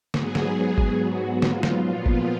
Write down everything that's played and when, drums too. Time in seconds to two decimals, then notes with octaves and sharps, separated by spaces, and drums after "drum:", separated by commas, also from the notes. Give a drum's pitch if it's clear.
0.14 G#2 F#3 B3 G#4, drum: snare
0.35 drum: snare
0.56 G#4
0.78 drum: kick G1
0.99 F#4
1.42 F4, drum: snare
1.63 drum: snare
1.85 A#2 F3 B3
2.06 drum: kick G1